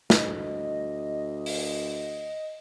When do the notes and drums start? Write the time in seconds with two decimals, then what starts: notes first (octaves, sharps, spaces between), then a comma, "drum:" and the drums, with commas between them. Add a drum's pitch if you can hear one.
0.10 D2 D#5, drum: snare
1.46 drum: open hi-hat